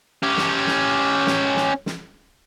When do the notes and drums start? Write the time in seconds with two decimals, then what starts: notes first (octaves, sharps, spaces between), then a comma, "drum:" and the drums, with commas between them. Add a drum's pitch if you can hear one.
0.23 C#4 G4
0.37 drum: snare
0.67 drum: snare
1.27 drum: snare
1.56 drum: snare
1.86 drum: snare